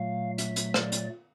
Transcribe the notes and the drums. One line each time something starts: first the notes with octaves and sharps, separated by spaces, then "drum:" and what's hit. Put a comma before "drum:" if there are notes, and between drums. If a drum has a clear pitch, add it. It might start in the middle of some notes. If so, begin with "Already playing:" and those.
Already playing: A#2 F#3 A3 F5
E5, drum: hi-hat
drum: hi-hat
D5, drum: rim click
drum: hi-hat